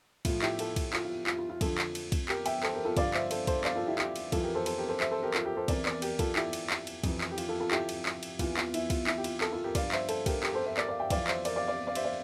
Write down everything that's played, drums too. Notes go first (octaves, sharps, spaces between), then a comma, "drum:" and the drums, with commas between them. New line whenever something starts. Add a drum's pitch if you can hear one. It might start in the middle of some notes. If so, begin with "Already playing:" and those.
A2 F3 F4, drum: kick, cymbal
E4 G4, drum: clap
F4 A4, drum: cymbal
drum: kick, cymbal
F4, drum: clap
F4
F4, drum: clap
F4
F4
F2 D3 F3 F4 A4, drum: kick, cymbal
drum: clap
drum: cymbal
drum: kick, cymbal
G4 A#4, drum: clap
E5 G5, drum: cymbal
A4 C5, drum: clap
G4 A#4
F4 A4
G2 D3 F3 D5 F5, drum: kick, cymbal
C5 E5, drum: clap
A4 C5, drum: cymbal
A4 C5, drum: kick, cymbal
D5 F5, drum: clap
F4 A4
E4 G4
E4 G4, drum: clap
drum: cymbal
F2 E3 F4 A4, drum: kick, cymbal
G4 A#4
A4 C5
A4 C5, drum: cymbal
G4 A#4
A4 C5
C5 E5, drum: clap
A4 C5
G4 A#4
F4 A4, drum: clap
G4 A#4
A4 C5
E2 C3 E3 A#4 D5, drum: kick, cymbal
A#4 D5, drum: clap
G4 A#4, drum: cymbal
F4 A4, drum: kick, cymbal
E4 G4, drum: clap
drum: cymbal
drum: clap
drum: cymbal
F2 C3 E3, drum: kick, cymbal
drum: clap
G4
F4, drum: cymbal
F4 A4
F4 A4
E4 G4, drum: clap
drum: cymbal
drum: clap
drum: cymbal
E2 E3 F4, drum: kick, cymbal
F4, drum: clap
E4, drum: cymbal
F4, drum: kick, cymbal
E4, drum: clap
G4
F4, drum: cymbal
F4 A4, drum: clap
F4 A4
G4 A#4
G2 F3 D5 F5, drum: kick, cymbal
C5 E5, drum: clap
A4 C5, drum: cymbal
G4 A#4, drum: kick, cymbal
G4 A#4, drum: clap
A4 C5
C5 E5
A#4 D5, drum: clap
D5 F5
E5 G5
F2 E3 D5 F5, drum: kick, cymbal
F5
C5 E5, drum: clap
A#4 D5, drum: cymbal
D5 F5
D5 F5
D5 F5
C5 E5, drum: cymbal
D5 F5